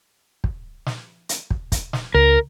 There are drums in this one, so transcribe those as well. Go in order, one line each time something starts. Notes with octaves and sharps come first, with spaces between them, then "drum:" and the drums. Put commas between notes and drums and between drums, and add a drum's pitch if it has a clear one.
drum: kick
drum: snare
drum: hi-hat
drum: kick
drum: kick, hi-hat
drum: snare
C#2 A#4